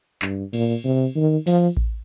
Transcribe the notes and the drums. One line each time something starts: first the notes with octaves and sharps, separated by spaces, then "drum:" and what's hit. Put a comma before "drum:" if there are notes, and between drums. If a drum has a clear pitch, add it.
G2, drum: clap
A#2, drum: cymbal
C3
D#3
F3, drum: open hi-hat
drum: kick A1